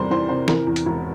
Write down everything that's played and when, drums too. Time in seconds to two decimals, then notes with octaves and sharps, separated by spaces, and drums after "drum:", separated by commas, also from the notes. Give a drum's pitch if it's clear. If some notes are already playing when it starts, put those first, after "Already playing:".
Already playing: E2 C3 G3 A#4 C5
0.11 E3 C5
0.29 C3 C5
0.48 E3 A#4, drum: snare E3
0.67 E2
0.76 drum: hi-hat
0.86 E1